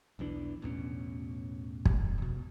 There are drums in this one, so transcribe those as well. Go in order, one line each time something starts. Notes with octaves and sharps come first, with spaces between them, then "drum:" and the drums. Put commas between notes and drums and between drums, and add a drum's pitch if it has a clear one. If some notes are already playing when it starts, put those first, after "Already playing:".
B1 E2 E3 D4
A1 E2 B2 C#4
drum: kick
E2 B2